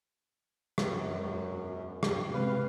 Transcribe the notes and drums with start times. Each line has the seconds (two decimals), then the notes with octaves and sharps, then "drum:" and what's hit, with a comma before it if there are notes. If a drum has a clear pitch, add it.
0.78 drum: rim click
0.89 F#2
1.16 E1
2.03 drum: rim click
2.34 C3 G#3 C4 B4 F5